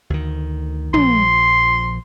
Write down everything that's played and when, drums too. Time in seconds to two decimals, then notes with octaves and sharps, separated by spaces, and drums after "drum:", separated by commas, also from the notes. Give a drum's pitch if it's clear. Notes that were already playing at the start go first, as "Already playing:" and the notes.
0.10 D2 D#3
0.94 A#1 F3 C6, drum: tom